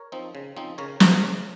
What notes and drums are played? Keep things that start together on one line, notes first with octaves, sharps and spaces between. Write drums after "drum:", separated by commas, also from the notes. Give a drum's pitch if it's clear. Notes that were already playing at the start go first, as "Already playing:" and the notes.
Already playing: A#4 C#5
F3 C4 D#4
C#3
F3 C4 D#4
C#3 A#4 C#5
F#3 A#3 D#4, drum: snare
C#3